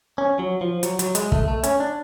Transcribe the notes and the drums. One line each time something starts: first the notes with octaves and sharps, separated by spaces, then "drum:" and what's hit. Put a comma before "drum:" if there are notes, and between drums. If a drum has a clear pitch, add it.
C#4
F#3
F3
F#3, drum: hi-hat
F#3, drum: hi-hat
G#3, drum: hi-hat
A3, drum: kick
A3
C#4, drum: hi-hat
D4